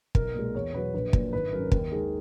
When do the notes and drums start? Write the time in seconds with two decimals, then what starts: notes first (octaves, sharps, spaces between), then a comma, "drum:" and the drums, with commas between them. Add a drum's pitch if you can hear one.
0.15 B1 A#4, drum: kick
0.35 A#2 G#3
0.55 E2 C#5
0.74 B2 F#3 B4
0.94 A#1 B4
1.13 A#2 F#3, drum: kick
1.33 G#1 B4
1.52 F#2 C#3 F#3 A#4
1.72 D#2 A#4, drum: kick
1.92 D#3 G#3 G#4